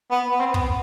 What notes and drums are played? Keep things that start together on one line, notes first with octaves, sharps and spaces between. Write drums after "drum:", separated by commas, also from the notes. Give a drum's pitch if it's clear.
B3
B3
C4
B3, drum: kick